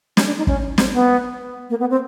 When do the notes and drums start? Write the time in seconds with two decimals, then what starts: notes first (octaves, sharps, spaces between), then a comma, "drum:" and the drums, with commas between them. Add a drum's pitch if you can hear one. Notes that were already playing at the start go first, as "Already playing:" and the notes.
0.17 C#4, drum: snare
0.27 D4
0.38 D#4
0.47 C#4, drum: kick
0.78 C4, drum: snare
0.93 B3
1.70 A#3
1.80 B3
1.90 C4